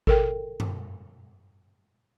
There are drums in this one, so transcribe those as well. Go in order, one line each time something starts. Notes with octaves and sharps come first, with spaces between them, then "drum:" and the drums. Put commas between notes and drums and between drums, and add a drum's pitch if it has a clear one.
A4 A#4 G5, drum: kick G#1
drum: tom F#2